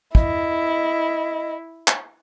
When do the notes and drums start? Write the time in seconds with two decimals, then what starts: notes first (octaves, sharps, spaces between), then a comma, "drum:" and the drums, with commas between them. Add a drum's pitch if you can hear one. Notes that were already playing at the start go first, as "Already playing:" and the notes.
0.15 E4 D#5, drum: kick
1.88 drum: clap